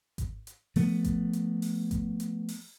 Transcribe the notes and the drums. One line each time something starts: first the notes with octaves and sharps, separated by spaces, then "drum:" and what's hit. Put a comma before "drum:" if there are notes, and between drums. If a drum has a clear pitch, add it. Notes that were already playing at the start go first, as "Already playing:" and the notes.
drum: kick G#1, hi-hat
drum: hi-hat
F3 A3 B3, drum: open hi-hat
drum: kick G#1, hi-hat
drum: hi-hat
drum: open hi-hat
drum: kick G#1, hi-hat
drum: hi-hat
drum: open hi-hat